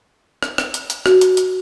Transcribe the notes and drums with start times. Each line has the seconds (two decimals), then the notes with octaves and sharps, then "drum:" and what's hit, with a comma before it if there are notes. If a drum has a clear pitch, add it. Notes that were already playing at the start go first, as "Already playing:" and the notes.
0.43 drum: rim click
0.58 drum: rim click
0.74 drum: hi-hat
0.90 drum: hi-hat
1.06 F#4, drum: rim click
1.21 drum: hi-hat
1.37 drum: hi-hat